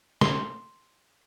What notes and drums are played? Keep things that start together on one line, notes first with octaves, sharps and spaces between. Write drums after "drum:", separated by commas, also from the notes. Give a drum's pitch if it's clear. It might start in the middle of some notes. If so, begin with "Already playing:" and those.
C6, drum: snare